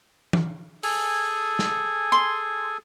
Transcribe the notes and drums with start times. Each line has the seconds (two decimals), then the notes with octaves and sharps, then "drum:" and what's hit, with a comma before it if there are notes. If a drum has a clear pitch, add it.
0.33 drum: tom E3
0.83 G#4 A4 G#5, drum: open hi-hat
1.59 drum: snare
2.12 C6